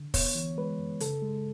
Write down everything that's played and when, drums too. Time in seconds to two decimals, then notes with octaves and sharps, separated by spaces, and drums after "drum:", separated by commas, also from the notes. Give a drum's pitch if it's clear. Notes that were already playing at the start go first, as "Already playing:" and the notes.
Already playing: D3
0.14 B3 C#5, drum: kick, open hi-hat
0.35 E3
0.57 G#3 B4
0.79 F#2
1.00 C#3 A4, drum: hi-hat
1.22 G#3